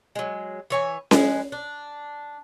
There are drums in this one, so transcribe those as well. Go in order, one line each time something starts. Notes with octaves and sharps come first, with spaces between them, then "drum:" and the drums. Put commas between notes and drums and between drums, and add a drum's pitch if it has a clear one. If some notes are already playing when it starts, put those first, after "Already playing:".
F#3 G#3
E3 C#5 G#5
F3 G#3 B4, drum: snare C#4
D4